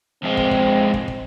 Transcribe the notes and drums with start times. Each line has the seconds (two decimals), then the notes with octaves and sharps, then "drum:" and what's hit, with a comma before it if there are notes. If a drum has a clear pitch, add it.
0.23 F2 G#3 C4
0.37 drum: kick
0.51 drum: kick
0.94 drum: kick
1.08 drum: kick